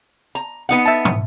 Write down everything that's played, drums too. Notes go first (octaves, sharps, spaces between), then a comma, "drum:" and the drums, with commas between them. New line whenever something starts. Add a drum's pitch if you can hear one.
A#5
B3 D#4 F#5
E5 A5
drum: tom